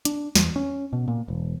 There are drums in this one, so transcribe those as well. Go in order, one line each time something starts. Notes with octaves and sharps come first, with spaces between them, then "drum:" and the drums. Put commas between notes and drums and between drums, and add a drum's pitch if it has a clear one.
D4, drum: hi-hat
E2, drum: snare
C#4
B2
A#2
E1